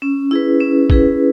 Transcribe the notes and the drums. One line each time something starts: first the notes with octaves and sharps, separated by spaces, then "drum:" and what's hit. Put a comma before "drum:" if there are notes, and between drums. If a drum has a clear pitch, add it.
C#4
E4 G#4 B4
C#4
E4 G#4 B4, drum: kick G#1